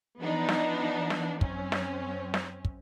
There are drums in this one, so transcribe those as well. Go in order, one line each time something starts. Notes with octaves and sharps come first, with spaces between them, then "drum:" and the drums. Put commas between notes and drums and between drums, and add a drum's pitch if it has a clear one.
E3 F3 B3 D4 D#4
drum: snare
drum: snare
F#2 C4 C#4, drum: kick
drum: snare
drum: snare
drum: kick